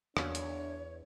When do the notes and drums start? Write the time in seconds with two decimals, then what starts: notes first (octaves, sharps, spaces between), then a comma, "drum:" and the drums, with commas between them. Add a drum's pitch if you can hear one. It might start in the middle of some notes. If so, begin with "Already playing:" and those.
0.17 E2 F#3 A#3 C#4 D4 C#5, drum: rim click
0.35 drum: hi-hat